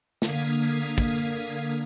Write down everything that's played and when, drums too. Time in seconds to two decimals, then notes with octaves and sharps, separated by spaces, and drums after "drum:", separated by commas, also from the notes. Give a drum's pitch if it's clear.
0.22 D3 A#3 F5 D#6 G#6 B6, drum: snare
0.98 drum: kick